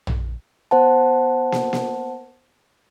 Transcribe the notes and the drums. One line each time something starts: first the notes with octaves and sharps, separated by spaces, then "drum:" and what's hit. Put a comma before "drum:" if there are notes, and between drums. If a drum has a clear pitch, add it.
drum: tom A#1
B3 C5 F#5 A5
drum: snare
drum: snare